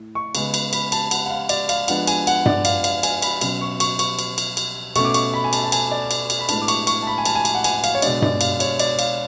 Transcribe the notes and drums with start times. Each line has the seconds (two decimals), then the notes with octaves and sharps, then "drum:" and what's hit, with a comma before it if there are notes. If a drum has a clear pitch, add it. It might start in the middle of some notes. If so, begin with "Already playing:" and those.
Already playing: A2
0.15 C#6
0.35 C#3 G#3 B3, drum: cymbal
0.54 drum: cymbal
0.73 B5, drum: cymbal
0.92 A5, drum: cymbal
1.11 F#5, drum: cymbal
1.26 F#5
1.30 F5
1.49 D5, drum: cymbal
1.69 F5, drum: cymbal
1.88 F3 G#3 B3 D4 F#5, drum: cymbal
2.07 G#5, drum: cymbal
2.27 F#5, drum: cymbal
2.46 D5, drum: tom G2
2.65 F5, drum: cymbal
2.84 F5, drum: cymbal
3.03 G#5, drum: cymbal
3.22 B5, drum: cymbal
3.41 B2 F#3 C#4, drum: cymbal
3.61 C#6
3.80 C#6, drum: cymbal
3.99 C#6, drum: cymbal
4.19 drum: cymbal
4.38 drum: cymbal
4.57 drum: cymbal
4.96 B2 A3 C#4 C#6, drum: cymbal
5.05 D6
5.14 C#6, drum: cymbal
5.34 B5
5.44 G#5
5.53 A5, drum: cymbal
5.64 A5
5.72 G#5, drum: cymbal
5.91 D5
6.11 drum: cymbal
6.30 drum: cymbal
6.40 B5
6.49 A2 G#3 B3 D4 A5, drum: cymbal
6.62 D6
6.68 C#6, drum: cymbal
6.87 C#6, drum: cymbal
7.03 A5
7.07 B5
7.18 G#5
7.25 A5, drum: cymbal
7.35 G#5
7.45 drum: cymbal
7.55 F#5
7.64 G#5, drum: cymbal
7.84 F5, drum: cymbal
7.95 C#5
8.02 B2 G#3 D4 D5, drum: cymbal
8.22 D5, drum: tom G2
8.41 F5, drum: cymbal
8.60 C#5, drum: cymbal
8.80 D5, drum: cymbal
8.99 F5, drum: cymbal